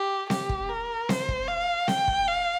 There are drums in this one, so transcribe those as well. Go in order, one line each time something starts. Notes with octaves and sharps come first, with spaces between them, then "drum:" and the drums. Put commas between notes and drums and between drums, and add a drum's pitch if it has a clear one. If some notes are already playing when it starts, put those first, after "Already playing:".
Already playing: G4
G4, drum: snare C4
drum: kick
A#4
C5, drum: snare C4
drum: kick
F5
G5, drum: snare C4
drum: kick
F5